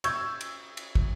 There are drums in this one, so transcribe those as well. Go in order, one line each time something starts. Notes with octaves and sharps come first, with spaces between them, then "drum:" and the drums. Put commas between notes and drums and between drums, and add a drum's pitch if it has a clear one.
C#6 E6 G6 G#6, drum: cymbal
drum: cymbal
drum: cymbal
drum: kick